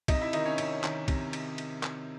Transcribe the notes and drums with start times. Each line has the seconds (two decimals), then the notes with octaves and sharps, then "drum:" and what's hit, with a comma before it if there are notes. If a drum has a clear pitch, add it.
0.08 C3 D#4 D#5, drum: kick, cymbal
0.21 E4 E5
0.33 D#3 D#4 D#5, drum: cymbal
0.46 C#4 C#5
0.58 C3, drum: cymbal
0.83 D#3, drum: clap
1.08 C3, drum: kick, cymbal
1.33 drum: cymbal
1.58 drum: cymbal
1.83 drum: clap